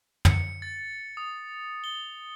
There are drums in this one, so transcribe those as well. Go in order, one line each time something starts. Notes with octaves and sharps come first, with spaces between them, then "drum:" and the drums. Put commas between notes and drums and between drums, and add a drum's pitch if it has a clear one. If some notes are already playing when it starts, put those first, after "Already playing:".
C#7, drum: tom
A6
D#6
G7